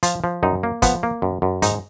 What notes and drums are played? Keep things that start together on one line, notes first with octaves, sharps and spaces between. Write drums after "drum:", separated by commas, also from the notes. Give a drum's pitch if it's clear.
F3 F4, drum: hi-hat
F3
F#2 D#4
A#3
F3 B3, drum: kick, hi-hat
A#3
F#2
F#2
G#2 D#4, drum: hi-hat